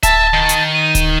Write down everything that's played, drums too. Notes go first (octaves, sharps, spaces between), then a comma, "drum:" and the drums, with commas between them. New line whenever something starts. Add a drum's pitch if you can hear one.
E5 A5, drum: kick D1, hi-hat
D#3
drum: hi-hat
D#7
drum: kick D1, hi-hat